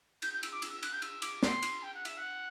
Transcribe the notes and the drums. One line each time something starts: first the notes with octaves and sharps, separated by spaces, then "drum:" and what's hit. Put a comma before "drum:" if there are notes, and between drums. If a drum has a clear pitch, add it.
G6, drum: cymbal
G6
E6, drum: cymbal
D6
E6, drum: cymbal
E6
F#6, drum: cymbal
G6
E6, drum: cymbal
D6, drum: cymbal
C6, drum: snare
drum: cymbal
G5
F#5
E5, drum: cymbal
F#5